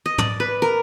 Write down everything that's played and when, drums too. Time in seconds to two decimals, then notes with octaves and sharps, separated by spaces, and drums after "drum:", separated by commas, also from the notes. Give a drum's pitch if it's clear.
0.06 D#5
0.18 D5, drum: tom
0.40 B4
0.62 A#4